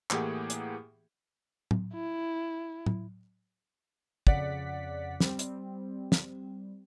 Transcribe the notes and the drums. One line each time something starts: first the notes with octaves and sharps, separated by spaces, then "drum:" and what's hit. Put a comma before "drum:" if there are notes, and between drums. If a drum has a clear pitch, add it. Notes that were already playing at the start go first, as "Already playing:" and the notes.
A2 E3 A#3 G4 G#4 F#5, drum: clap
drum: hi-hat
drum: tom
E4
drum: tom
F2 C#3 D5 F#5 B6, drum: kick
G3 C4, drum: snare
drum: hi-hat
drum: snare